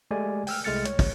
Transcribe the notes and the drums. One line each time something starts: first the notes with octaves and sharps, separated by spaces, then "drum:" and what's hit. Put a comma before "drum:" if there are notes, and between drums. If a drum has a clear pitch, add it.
G#3 A3 G4 D5 G#5
G5 E6 F6, drum: open hi-hat
C2 G#3 A3 F6 A6 C#7
C#5, drum: hi-hat
drum: kick, open hi-hat